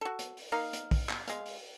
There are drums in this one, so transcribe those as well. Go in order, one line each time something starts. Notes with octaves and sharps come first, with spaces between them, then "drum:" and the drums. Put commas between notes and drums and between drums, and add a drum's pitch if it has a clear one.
F#4 A4
drum: hi-hat
drum: open hi-hat
A#3 D#4 F5
drum: hi-hat
drum: kick, open hi-hat
drum: clap
G#3 F5, drum: hi-hat
drum: open hi-hat